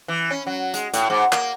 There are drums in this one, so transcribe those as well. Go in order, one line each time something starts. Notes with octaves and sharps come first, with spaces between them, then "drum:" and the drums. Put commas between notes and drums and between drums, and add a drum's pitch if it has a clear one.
E3
C#4
F#3
G#3, drum: hi-hat
A2, drum: hi-hat
G#2
A#3, drum: clap